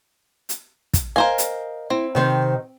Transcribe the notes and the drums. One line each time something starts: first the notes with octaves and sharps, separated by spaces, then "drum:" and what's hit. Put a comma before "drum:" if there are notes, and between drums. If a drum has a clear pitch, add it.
drum: hi-hat
drum: kick, hi-hat
A#4 C5 D#5 F5 G#5
drum: hi-hat
C4 E4
C3 D#3 C5